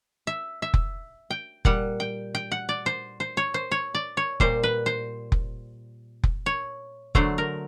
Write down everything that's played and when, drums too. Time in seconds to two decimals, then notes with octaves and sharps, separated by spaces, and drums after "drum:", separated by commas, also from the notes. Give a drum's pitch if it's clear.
0.27 E5
0.62 E5
0.74 drum: kick F1
1.30 G5
1.65 A#2 G3 F#5, drum: kick F1
2.00 G5
2.35 G5
2.52 F#5
2.69 D5
2.86 C5
3.20 C5
3.37 C#5
3.54 C5
3.71 C#5
3.95 D5
4.17 C#5
4.40 A#2 G3 C5, drum: kick F1
4.63 B4
4.86 C5
5.32 drum: kick F1
6.24 drum: kick F1
6.46 C#5
7.15 D3 F#3 A3 C5, drum: kick F1
7.38 A#4